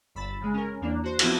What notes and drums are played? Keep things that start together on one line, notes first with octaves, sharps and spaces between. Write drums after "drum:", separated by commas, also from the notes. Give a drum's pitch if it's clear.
G1 B5 E6 A6
C#3 G#3
C#4 A#4
E2 A#3 D4
F#4 C5
C3 F3 B3 E4 F#4 A4, drum: cymbal